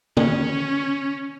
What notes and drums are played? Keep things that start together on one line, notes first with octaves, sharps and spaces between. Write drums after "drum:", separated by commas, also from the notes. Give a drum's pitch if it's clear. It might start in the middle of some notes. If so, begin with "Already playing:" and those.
C#4, drum: tom D3